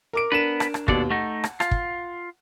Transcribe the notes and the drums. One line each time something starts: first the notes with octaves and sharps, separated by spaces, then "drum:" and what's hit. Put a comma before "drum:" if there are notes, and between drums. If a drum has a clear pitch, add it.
A#4 D6 D7
B3 D4 A#4 B4 E7
drum: rim click
drum: rim click
D#2 B2 D4 A4 D5, drum: kick
A3 D#4 F#5
drum: rim click
F4, drum: rim click
drum: kick